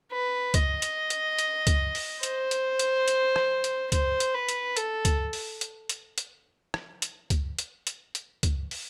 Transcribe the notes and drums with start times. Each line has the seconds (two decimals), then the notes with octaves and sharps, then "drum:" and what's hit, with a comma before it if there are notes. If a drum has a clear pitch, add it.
0.12 B4
0.54 D#5, drum: kick C#2, hi-hat
0.82 drum: hi-hat
1.10 drum: hi-hat
1.39 drum: hi-hat
1.67 drum: kick C#2, hi-hat
1.95 drum: open hi-hat
2.23 C5, drum: hi-hat
2.51 drum: hi-hat
2.79 drum: hi-hat
3.08 drum: hi-hat
3.36 drum: rim click
3.64 drum: hi-hat
3.92 C5, drum: kick C#2, hi-hat
4.20 drum: hi-hat
4.35 B4
4.49 drum: hi-hat
4.77 A4, drum: hi-hat
5.05 drum: kick C#2, hi-hat
5.33 drum: open hi-hat
5.61 drum: hi-hat
5.89 drum: hi-hat
6.18 drum: hi-hat
6.74 drum: rim click
7.02 drum: hi-hat
7.30 drum: kick C#2, hi-hat
7.59 drum: hi-hat
7.87 drum: hi-hat
8.15 drum: hi-hat
8.43 drum: kick C#2, hi-hat
8.71 drum: open hi-hat